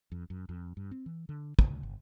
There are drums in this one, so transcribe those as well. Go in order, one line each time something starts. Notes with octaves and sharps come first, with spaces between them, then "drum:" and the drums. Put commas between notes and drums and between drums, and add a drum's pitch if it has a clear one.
F2
F#2
F2
G2
C4
E3
D3
D2, drum: kick
G1